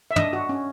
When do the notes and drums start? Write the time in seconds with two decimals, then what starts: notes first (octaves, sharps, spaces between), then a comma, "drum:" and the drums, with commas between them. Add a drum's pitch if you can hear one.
0.11 E5
0.16 D4 D#5, drum: tom
0.33 F#4
0.49 C#4